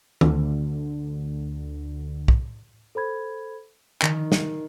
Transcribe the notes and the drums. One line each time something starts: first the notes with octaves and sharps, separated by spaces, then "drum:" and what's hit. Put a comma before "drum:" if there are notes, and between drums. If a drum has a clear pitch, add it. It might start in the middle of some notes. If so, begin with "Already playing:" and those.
D2 D3, drum: tom D#3
drum: kick
A4 C5 B5 G#6
D#3, drum: clap
drum: snare